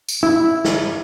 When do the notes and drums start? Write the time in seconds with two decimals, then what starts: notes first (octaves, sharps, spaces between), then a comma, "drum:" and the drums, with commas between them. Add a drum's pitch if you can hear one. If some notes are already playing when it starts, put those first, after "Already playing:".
0.08 drum: tambourine
0.23 E4
0.64 drum: snare